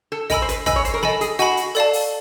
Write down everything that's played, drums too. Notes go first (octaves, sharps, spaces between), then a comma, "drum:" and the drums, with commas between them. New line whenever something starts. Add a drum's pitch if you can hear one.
A4
A#4 D#5 G#5 B5 E6, drum: kick, hi-hat
C5
B4, drum: hi-hat
B4 D#5 G#5 B5 E6, drum: kick, hi-hat
C#5
C5, drum: hi-hat
A#4
A4 D#5 G#5 B5, drum: snare
G#4, drum: hi-hat
F#4 D#5 G#5 B5, drum: hi-hat
drum: hi-hat
A4 D5 F5 A5, drum: hi-hat
drum: open hi-hat